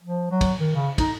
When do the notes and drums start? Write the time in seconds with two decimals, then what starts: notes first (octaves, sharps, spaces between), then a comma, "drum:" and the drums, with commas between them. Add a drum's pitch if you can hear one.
0.03 F3
0.31 F#3
0.41 drum: kick, cymbal
0.59 D#3
0.75 C#3
0.98 D#4, drum: kick, cymbal